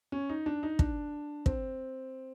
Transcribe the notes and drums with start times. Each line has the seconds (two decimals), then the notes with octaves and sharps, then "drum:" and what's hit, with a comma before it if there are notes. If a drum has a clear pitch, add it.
0.12 C#4
0.29 D#4
0.46 D4
0.63 D#4
0.79 D4, drum: kick
1.46 C4, drum: kick